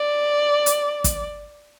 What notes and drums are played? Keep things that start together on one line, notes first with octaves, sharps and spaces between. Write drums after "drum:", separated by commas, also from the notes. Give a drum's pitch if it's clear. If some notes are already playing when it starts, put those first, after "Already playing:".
Already playing: D5
drum: hi-hat
drum: kick, hi-hat